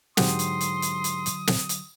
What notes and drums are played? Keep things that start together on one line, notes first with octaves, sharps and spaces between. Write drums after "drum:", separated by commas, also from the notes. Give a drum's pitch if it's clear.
G#2 D3 F#3 G4 F#5 C6 D#6, drum: snare
drum: hi-hat
drum: hi-hat
drum: hi-hat
drum: hi-hat
drum: hi-hat
drum: snare
drum: hi-hat